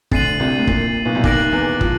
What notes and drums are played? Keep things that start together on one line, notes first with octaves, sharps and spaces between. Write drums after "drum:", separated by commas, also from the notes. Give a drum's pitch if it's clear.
D2 D3 A6 C7 D#7 F#7, drum: kick
C2 C3
A2
A#2, drum: kick
B1 B2
C2 C3
D#2 D#3 D6 F#6 A#6 D7 F#7, drum: kick
E2 E3
F3, drum: kick